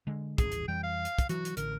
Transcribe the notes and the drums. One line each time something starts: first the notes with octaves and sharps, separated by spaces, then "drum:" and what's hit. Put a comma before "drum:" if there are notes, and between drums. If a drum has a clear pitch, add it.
D3 G#3
D#1 A1 G#4, drum: kick, hi-hat
drum: hi-hat
F2 E3 G3 G5
F5
drum: hi-hat
drum: kick, hi-hat
E3 F#3 F#4, drum: hi-hat
drum: hi-hat
A1 D3 A#4, drum: hi-hat